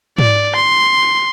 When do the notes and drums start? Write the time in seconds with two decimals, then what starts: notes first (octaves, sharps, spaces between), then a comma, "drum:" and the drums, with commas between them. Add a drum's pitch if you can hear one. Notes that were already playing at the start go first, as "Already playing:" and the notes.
0.18 D5, drum: tom G#2
0.55 C6